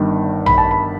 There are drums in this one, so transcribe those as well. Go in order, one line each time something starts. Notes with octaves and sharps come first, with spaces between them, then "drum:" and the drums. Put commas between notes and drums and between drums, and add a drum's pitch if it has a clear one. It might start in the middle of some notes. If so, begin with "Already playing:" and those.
Already playing: G1 G2 D#3
B5, drum: tom A#1
A5
B5